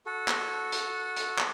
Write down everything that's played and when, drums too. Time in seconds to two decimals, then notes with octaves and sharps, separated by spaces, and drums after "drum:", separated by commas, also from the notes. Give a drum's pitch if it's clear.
0.06 F#4 A4
0.28 drum: clap
0.72 drum: hi-hat
1.16 drum: hi-hat
1.38 drum: clap